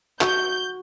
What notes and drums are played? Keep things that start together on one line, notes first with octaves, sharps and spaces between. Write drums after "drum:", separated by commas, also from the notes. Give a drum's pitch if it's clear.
F#4 G6, drum: clap